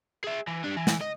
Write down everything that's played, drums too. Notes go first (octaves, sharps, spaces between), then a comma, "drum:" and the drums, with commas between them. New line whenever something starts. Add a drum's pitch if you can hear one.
G#4 E5
E3
G3 D4
E3
drum: snare
D#5